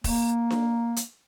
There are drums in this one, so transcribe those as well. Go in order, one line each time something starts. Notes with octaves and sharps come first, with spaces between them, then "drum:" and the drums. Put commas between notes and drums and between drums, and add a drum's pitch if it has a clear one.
A#3, drum: kick E1, open hi-hat
drum: snare D4
drum: hi-hat